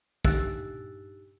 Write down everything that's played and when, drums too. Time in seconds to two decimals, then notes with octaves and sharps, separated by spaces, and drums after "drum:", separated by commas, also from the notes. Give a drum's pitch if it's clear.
0.25 D4 D#4 G4 E6 F#6 A6, drum: kick